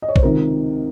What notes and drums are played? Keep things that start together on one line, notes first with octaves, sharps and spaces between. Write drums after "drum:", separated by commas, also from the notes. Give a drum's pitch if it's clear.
D#5
C#5
C5, drum: kick A#1
C#2 C3 D#3 A#4